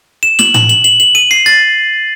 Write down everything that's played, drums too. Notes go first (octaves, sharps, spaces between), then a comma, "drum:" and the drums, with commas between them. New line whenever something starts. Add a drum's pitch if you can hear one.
E7
F#7, drum: snare
F#7, drum: tom A2
F#7
F#7
F#7
D#7
C7
A6